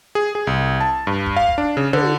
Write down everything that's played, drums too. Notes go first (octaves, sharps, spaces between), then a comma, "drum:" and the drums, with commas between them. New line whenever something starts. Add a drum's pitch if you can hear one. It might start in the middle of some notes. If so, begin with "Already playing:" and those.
G#4
G#4
C2
A5
G2
drum: kick
F5
drum: kick
D4
C#3
D3, drum: tom